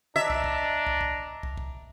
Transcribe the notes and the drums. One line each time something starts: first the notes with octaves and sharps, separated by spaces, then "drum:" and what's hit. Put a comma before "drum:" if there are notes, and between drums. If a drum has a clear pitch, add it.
D4 D#5 E5 A#5
drum: kick
drum: kick
drum: kick
drum: kick
drum: kick
drum: kick